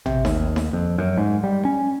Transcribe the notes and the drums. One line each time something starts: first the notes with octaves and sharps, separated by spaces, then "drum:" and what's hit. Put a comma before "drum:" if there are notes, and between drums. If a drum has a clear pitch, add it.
C3, drum: tom
D#2, drum: snare D#4
drum: snare D#4
F2
F#2
G#2
G3
C#4